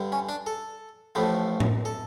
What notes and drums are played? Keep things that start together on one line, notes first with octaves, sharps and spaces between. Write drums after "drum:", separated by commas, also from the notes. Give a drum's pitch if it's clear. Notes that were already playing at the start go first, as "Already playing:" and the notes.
Already playing: G2 D3 G3
C#4
D4
A4
A1 A2 F3 A3
drum: tom A2
A4